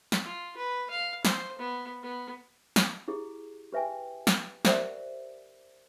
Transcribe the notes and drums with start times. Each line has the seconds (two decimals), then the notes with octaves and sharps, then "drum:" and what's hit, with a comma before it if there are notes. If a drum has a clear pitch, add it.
0.12 drum: snare
0.24 F4
0.57 B4
0.90 F5
1.25 C5, drum: snare
1.59 B3
2.03 B3
2.76 drum: snare
3.08 E4 G4 G#4
3.73 G4 B4 E5 G5 G#5
4.27 drum: snare
4.65 G4 A#4 C5 D5 E5 F#5, drum: snare